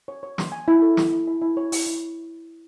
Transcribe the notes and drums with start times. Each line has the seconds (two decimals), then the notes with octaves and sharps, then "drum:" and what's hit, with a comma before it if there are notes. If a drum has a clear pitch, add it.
0.08 C#5
0.23 C#5
0.38 C6, drum: snare
0.52 G#5
0.68 E4
0.82 A4
0.97 E4, drum: snare
1.13 E4
1.27 E4
1.42 E4
1.57 C#5
1.72 E4, drum: open hi-hat
1.87 E4